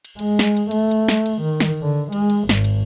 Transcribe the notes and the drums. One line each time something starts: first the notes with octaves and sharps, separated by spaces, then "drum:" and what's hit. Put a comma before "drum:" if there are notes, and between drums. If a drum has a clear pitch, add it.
drum: cymbal
G#3, drum: cymbal
drum: snare
drum: cymbal
A3, drum: cymbal
drum: cymbal
drum: snare
drum: cymbal
D#3
drum: snare
D3
G#3, drum: cymbal
drum: cymbal
G#1, drum: snare
drum: cymbal